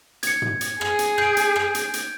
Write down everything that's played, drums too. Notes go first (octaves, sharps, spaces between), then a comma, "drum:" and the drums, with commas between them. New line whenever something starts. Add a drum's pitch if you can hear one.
G#6 C#7, drum: hi-hat
drum: tom
drum: hi-hat
G#4, drum: rim click
drum: hi-hat
G6 D7, drum: rim click
drum: hi-hat
drum: rim click
drum: hi-hat
drum: hi-hat